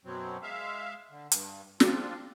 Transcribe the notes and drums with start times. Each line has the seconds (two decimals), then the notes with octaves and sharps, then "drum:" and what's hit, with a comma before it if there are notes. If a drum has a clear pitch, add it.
0.05 F#2 B2 F#3 C4
0.42 G#3 E5 F5
1.10 D3
1.32 G2, drum: hi-hat
1.80 C4 D4 F4, drum: snare